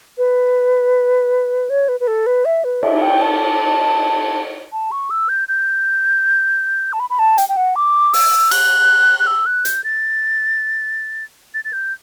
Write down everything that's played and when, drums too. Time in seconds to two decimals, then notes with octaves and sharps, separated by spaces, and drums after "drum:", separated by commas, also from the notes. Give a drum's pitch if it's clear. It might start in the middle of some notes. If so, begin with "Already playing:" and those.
0.18 B4
1.70 C#5
1.89 B4
2.00 B4
2.07 A4
2.26 B4
2.45 E5
2.64 B4
2.83 E5, drum: cymbal
3.02 G5
3.22 A5
4.72 A5
4.92 C#6
5.10 E6
5.29 G6
5.48 G6
6.93 A5
7.00 B5
7.10 B5
7.19 A5
7.38 G5, drum: hi-hat
7.49 G5
7.57 F#5
7.76 D6
8.13 E6, drum: open hi-hat
8.51 F#6, drum: cymbal
9.20 F#6
9.27 E6
9.46 F#6
9.65 G6, drum: hi-hat
9.84 A6
11.54 A6
11.65 A6
11.73 G6